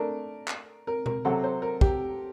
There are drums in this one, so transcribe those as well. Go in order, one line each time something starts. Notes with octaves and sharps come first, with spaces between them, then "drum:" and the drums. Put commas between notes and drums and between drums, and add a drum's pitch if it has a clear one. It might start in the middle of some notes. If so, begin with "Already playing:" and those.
Already playing: A3 D4 A#4
drum: clap
A#4
A#4, drum: tom B2
C3 F#3 C4 F#4 A4
C5
A#4
G4, drum: kick